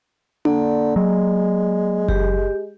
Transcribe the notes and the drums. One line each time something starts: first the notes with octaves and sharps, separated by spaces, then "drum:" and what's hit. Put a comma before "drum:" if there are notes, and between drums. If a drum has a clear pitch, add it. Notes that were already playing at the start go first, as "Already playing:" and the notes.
D3 A#3 D5, drum: tom D4
F#3 G#3
G4, drum: kick F#1